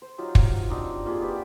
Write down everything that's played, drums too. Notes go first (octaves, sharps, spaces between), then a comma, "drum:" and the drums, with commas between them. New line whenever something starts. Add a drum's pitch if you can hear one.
C5
F#3 D#4 F4 G4
drum: kick
C4 D4 D#4 G4
A#3 F4 G4 G#4
F#4 G4 B4 D5